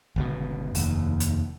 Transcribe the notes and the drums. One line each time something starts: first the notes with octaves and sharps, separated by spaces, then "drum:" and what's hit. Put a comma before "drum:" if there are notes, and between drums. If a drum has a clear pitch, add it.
G1 C#2 B2
F1 D#2, drum: open hi-hat
drum: hi-hat